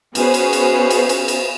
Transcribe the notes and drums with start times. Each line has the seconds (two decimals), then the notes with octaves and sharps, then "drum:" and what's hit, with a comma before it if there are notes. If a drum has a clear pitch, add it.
0.15 B3 C#4 F#4 G#4 B4 C5, drum: cymbal
0.34 drum: cymbal
0.53 drum: cymbal
0.90 drum: cymbal
1.09 drum: cymbal
1.28 drum: cymbal